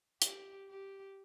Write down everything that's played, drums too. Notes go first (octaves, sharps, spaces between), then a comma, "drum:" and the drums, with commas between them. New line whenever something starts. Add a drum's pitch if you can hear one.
G4, drum: hi-hat
G4